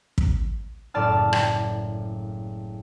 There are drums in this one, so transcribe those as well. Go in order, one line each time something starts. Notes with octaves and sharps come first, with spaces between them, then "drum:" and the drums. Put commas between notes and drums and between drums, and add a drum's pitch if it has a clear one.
drum: kick
F#1 A2 D5 A5 F6
drum: rim click